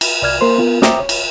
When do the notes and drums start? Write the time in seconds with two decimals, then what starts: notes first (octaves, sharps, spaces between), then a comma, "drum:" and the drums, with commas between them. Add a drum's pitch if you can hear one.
0.01 drum: cymbal
0.22 C2 D5 F6 G#6
0.41 A#3 A#4 C5 C6
0.58 B3 F4 A#4
0.82 C5 E5 G5 A#5 D6 D#6, drum: snare
0.99 C#5
1.09 drum: cymbal